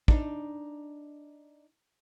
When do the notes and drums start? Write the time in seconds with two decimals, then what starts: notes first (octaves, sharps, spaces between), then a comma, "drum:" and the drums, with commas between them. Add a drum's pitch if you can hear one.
0.08 D4 D#4, drum: kick